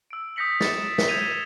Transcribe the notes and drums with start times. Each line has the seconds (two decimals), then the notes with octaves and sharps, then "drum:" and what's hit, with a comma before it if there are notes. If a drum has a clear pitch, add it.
0.11 E6 D7
0.36 D#6 G6 A#6 B6 C#7 F#7
0.60 A6 C#7 E7, drum: snare
0.98 drum: snare
1.07 G6 G#6 A#6 D#7 F7 G7